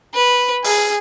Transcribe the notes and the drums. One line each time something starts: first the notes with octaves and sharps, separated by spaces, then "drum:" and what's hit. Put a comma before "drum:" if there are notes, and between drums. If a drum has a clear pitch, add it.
B4
G#4, drum: open hi-hat